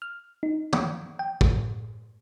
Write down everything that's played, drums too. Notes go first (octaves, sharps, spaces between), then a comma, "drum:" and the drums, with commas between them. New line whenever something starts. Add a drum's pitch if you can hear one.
F6
D#4
drum: tom
G5
A2, drum: kick